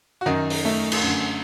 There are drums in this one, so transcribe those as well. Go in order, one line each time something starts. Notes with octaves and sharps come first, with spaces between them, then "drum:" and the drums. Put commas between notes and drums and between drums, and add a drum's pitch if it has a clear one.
F#4
F#2 D#3 D#4
drum: open hi-hat
A3
drum: cymbal
F#2 D3